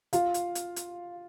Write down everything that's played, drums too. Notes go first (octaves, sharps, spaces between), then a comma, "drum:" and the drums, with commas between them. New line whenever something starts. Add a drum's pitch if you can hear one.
F4 F5, drum: hi-hat
drum: hi-hat
drum: hi-hat
drum: hi-hat